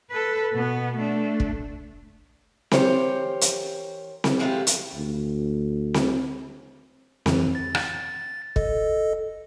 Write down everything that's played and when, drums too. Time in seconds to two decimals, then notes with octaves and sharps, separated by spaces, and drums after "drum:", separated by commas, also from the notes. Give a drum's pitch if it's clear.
0.10 A4 B4
0.53 B2 B3
0.97 A3 D4
1.40 drum: kick
2.71 E3 G4 A#4 C5 C#5, drum: snare C4
3.41 drum: hi-hat
4.24 drum: snare C4
4.39 F3 G#3 A3 E4 F4 G4
4.67 drum: hi-hat
4.95 D2
5.94 drum: snare C4
7.26 F2 E3, drum: snare C4
7.55 A6
7.75 drum: rim click
8.56 A4 D#5, drum: kick